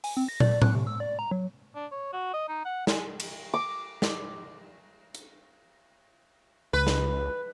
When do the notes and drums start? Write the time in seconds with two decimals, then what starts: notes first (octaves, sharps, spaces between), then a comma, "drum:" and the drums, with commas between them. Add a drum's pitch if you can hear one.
0.04 G#5, drum: open hi-hat
0.17 C4
0.28 A#6
0.40 D5, drum: tom
0.62 F#6, drum: tom A2
0.75 C3
0.87 E6
1.00 D5
1.19 A#5
1.31 F#3
1.75 D4
1.91 C#5
2.13 F#4
2.34 D#5
2.48 D#4
2.65 F#5
2.87 G#3, drum: snare
3.20 drum: cymbal
3.54 D6
4.02 drum: snare
5.15 drum: hi-hat
6.73 C#2 B4
6.87 drum: snare